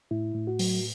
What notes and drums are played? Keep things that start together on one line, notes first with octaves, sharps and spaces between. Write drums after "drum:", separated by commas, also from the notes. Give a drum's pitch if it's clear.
A2 E4
A2
F#4
F#3, drum: open hi-hat